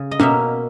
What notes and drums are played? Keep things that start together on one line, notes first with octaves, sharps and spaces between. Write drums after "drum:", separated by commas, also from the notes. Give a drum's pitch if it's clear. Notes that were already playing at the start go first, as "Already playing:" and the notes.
Already playing: C#3
D#5
B2 A#3 C#4 E5, drum: tom C#4